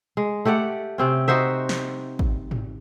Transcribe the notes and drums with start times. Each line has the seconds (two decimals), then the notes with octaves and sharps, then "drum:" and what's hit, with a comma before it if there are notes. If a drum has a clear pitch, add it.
0.17 G#3
0.45 A3 G4 D5 F#5
0.98 C3 C4 C#4
1.28 D#4 F#4 C5 E5
1.69 drum: snare
2.19 drum: kick G#1
2.51 drum: tom G#2